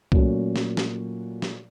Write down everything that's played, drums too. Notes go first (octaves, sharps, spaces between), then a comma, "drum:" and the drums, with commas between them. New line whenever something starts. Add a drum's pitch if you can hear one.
A#2 F#3 A3 C#4 F#4, drum: kick C2
drum: snare
drum: snare
drum: snare